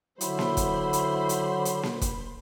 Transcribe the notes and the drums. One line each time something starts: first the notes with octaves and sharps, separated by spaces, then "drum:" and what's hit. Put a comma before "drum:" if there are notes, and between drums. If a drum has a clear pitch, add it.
D3 F#3 E4 C5 B5 C6, drum: hi-hat
drum: snare A#3
drum: kick, hi-hat
drum: hi-hat
drum: hi-hat
drum: hi-hat
drum: snare A#3
drum: kick, hi-hat